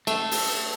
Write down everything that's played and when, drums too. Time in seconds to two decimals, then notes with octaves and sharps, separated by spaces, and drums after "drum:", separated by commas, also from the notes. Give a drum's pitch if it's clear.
0.07 A3, drum: cymbal
0.31 drum: open hi-hat